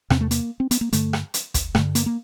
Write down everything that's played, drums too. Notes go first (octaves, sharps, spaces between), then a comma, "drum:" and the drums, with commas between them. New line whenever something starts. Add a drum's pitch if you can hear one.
E2 C3 C4, drum: rim click
A3
A#3, drum: hi-hat
C4
B3, drum: hi-hat
A#3
G2 D3 A3, drum: hi-hat
drum: rim click
drum: hi-hat
drum: kick, hi-hat
G2 D3 A3, drum: rim click
A#3, drum: hi-hat
A#3